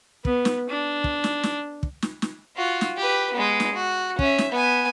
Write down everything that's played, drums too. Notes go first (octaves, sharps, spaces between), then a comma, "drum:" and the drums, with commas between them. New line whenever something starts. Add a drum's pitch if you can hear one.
B3, drum: kick
drum: snare
D4
drum: kick
drum: snare
drum: snare
drum: kick
drum: snare
drum: snare
F4 F#4
drum: snare
G4 B4
G#3 B3
drum: snare
F#4
C#4 E5, drum: kick
drum: snare
B3 G#5